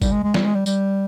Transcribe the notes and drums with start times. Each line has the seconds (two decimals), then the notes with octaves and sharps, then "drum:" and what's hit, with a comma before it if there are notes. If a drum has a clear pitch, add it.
0.02 G3, drum: kick, tambourine
0.12 G#3
0.23 G#3
0.34 G3, drum: snare
0.44 G#3
0.55 G3
0.66 G3, drum: tambourine